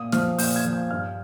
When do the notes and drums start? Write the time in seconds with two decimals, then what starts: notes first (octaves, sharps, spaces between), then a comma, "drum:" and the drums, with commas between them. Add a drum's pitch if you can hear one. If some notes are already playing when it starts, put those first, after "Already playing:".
Already playing: A#2 D#6
0.12 F3 F6, drum: snare
0.39 A#2 G6, drum: open hi-hat
0.56 G#6
0.65 F3
0.73 G6
0.91 G2 F6